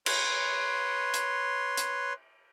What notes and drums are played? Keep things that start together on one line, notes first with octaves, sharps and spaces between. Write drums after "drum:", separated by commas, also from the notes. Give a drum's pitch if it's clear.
B4 C#5 C6, drum: cymbal
drum: hi-hat
drum: hi-hat